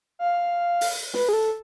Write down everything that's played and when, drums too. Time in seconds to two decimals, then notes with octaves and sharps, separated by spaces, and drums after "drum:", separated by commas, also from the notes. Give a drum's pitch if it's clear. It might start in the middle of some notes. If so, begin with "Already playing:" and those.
0.19 F5
0.81 drum: open hi-hat
1.14 B4, drum: snare
1.29 G#4
1.33 A4